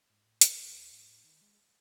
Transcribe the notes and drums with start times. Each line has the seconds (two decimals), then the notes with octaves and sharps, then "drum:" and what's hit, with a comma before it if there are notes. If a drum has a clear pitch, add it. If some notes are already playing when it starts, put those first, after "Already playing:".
0.09 G#2
0.25 A2
0.41 F#2, drum: hi-hat
0.59 G#2
0.75 E2
0.92 G#2
1.08 A2
1.24 D#3
1.41 G#3